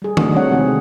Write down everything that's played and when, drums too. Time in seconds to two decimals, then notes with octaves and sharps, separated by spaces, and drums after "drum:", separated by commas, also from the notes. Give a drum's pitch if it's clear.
0.02 G3 G#4
0.17 A3 D4 D#4 F#4, drum: tom
0.32 G3 C4 A4 C#5 F#5
0.50 C3 D#3 G#3 C4 G#4